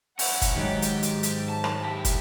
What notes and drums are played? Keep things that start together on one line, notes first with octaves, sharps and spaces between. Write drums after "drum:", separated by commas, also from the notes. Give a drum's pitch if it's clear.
C#4 E4 F#5, drum: open hi-hat
drum: kick, hi-hat
G#2 D#3 F#3 G4
drum: hi-hat
drum: hi-hat
drum: hi-hat
A5
drum: rim click
E4 G4
drum: kick, hi-hat